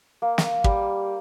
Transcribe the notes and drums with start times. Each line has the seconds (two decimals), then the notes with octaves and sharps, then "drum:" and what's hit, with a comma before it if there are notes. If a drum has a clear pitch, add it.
0.22 A#3
0.38 drum: snare
0.64 G3, drum: kick